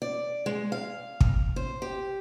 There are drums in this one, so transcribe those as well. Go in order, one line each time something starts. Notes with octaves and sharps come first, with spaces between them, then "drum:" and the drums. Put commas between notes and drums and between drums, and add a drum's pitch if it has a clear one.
D5
G#3
F5
drum: kick
C5
G4